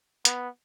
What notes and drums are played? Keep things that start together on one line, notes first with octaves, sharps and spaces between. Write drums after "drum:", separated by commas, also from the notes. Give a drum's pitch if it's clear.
B3, drum: hi-hat